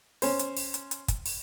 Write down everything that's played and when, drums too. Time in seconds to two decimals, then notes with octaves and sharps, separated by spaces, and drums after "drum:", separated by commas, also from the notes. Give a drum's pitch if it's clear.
0.22 C#4 C5, drum: open hi-hat
0.39 drum: hi-hat
0.57 drum: open hi-hat
0.74 drum: hi-hat
0.91 drum: hi-hat
1.08 drum: kick, hi-hat
1.26 drum: open hi-hat